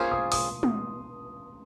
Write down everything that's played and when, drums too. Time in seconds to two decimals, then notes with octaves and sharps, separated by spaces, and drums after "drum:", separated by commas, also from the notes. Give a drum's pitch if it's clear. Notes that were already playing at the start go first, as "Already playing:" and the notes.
Already playing: A#3 C#4 F4 G#4 C5 C6
0.11 D#6
0.32 D#6, drum: open hi-hat
0.63 drum: tom